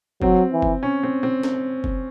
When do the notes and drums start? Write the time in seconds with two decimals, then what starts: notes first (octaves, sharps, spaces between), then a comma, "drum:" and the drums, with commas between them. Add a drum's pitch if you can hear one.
0.22 F#3 C4, drum: kick
0.53 E3
0.62 drum: kick
0.83 C#4
1.03 C4
1.23 C4
1.43 drum: snare
1.84 drum: kick